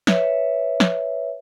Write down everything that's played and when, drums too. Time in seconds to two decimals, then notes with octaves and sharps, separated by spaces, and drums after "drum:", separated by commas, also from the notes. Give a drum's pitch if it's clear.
0.07 B4 C#5 E5, drum: snare
0.80 drum: snare